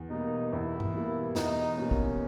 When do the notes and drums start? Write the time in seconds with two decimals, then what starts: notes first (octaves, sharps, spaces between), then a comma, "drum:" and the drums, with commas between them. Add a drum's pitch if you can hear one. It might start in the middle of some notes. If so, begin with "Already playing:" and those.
Already playing: E2
0.10 B2 G3 A#3 D#4
0.52 E2 E4
0.80 drum: tom G2
0.94 B2 G3 A#3
1.35 E2 D#4, drum: snare
1.78 B2 G3 A#3 C#4
1.91 drum: kick